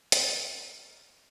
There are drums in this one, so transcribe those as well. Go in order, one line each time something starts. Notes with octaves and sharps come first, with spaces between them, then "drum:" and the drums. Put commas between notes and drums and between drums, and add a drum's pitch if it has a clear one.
A#5 F6, drum: hi-hat